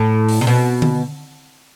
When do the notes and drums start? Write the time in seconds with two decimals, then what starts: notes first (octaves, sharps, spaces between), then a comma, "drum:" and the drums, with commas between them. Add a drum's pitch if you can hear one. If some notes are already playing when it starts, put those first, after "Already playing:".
Already playing: A2
0.29 drum: open hi-hat
0.41 C3
0.47 B2
0.82 drum: tom D3